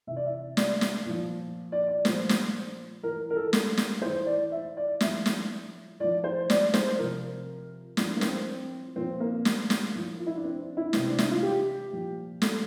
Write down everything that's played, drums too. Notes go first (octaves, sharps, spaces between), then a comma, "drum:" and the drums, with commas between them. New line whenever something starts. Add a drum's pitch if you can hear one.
C3 E3 E5
D5
E5
D5, drum: snare
drum: snare
A#2 F3
D5
D5
A#2 F3 C5, drum: snare
drum: snare
A2 E3 A#4
A#4
A4
drum: snare
drum: snare
A2 E3 C5
D5
E5
D5
A2 F3 E5, drum: snare
drum: snare
A2 F3 D5
C5
D5, drum: snare
C5, drum: snare
C3 F3 A#4
A2 F3 D4, drum: snare
A#3
C4, drum: snare
A#2 F3 C4
A#3
drum: snare
drum: snare
A2 F3
F4
E4
D4
C4
D4
E4
C3 E3 C4, drum: snare
D4
E4, drum: snare
F4
G4
A#2 F3
A4, drum: snare